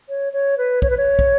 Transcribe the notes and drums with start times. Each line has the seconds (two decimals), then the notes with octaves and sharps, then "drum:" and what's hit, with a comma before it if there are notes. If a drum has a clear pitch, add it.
0.09 C#5
0.33 C#5
0.57 B4
0.82 C#5, drum: kick
0.90 B4
0.97 C#5
1.19 drum: kick